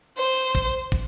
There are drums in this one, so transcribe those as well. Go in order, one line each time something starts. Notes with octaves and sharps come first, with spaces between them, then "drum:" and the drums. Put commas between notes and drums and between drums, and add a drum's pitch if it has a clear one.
C5
drum: kick
drum: kick